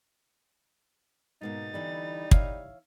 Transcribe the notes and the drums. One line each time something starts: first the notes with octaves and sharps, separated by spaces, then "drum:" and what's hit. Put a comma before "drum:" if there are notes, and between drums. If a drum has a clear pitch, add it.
G#2 B2 A#3 D#4 A6
D3 E3 G3 E4
C#5 E5 F5, drum: kick